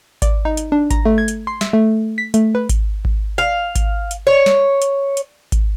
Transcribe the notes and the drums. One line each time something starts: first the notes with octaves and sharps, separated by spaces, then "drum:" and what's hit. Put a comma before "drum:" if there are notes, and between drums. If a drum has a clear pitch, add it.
D5, drum: kick G#1, hi-hat
D#4
drum: hi-hat
D4
A#5, drum: kick G#1, hi-hat
A3
G#6
drum: hi-hat
C6
E5, drum: snare
A3
B6
A3, drum: hi-hat
B4
drum: kick G#1, hi-hat
drum: kick G#1
F5
drum: kick G#1, hi-hat
drum: hi-hat
C#5
drum: snare
drum: hi-hat
drum: hi-hat
drum: kick G#1, hi-hat